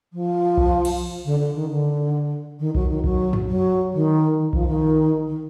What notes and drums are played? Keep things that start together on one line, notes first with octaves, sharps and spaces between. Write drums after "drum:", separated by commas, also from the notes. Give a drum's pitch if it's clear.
F3
drum: kick B1
drum: cymbal
D3
D3
D#3
D3
D#3
F#3, drum: kick B1
D#3
F#3, drum: kick B1
drum: tom
F#3
D#3
D#3
F3, drum: kick B1
D#3
D#3